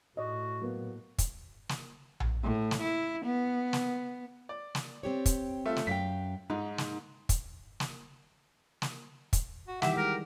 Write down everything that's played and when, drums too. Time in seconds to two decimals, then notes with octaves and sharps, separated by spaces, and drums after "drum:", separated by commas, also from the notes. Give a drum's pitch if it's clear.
0.17 A2 F#4 D5 D#5
0.61 F#3 A#3 B3
1.18 drum: kick, hi-hat
1.69 drum: snare
2.20 drum: tom A#1
2.43 A2
2.71 drum: snare
2.81 E4
3.25 B3
3.73 drum: snare
4.49 D5
4.75 drum: snare
5.03 C4 G4 C#5
5.26 drum: kick, hi-hat
5.66 A3 F4 E5
5.76 drum: snare
5.87 F#2 F5 G5 B6
6.50 G#2 D#4
6.78 drum: snare
7.29 drum: kick, hi-hat
7.80 drum: snare
8.82 drum: snare
9.33 drum: kick, hi-hat
9.68 F#4
9.82 D#3 E3 G3 G4 E5 F#5, drum: snare
9.97 G#3 A#4